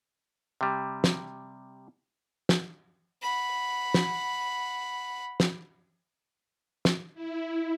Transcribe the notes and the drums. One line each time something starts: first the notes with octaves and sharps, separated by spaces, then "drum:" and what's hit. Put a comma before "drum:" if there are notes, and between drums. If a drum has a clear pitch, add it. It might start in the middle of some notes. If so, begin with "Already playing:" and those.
C3 G3
drum: snare
drum: snare
F#5 B5
drum: snare
drum: snare
drum: snare
E4